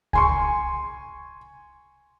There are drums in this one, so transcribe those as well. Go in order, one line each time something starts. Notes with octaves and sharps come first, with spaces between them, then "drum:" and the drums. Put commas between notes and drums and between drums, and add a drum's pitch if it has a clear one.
G#5 C6 C#6, drum: kick C2